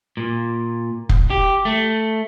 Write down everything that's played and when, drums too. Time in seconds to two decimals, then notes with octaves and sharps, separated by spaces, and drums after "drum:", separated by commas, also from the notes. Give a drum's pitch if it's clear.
0.17 A#2
1.09 drum: kick F1
1.30 G4
1.65 A3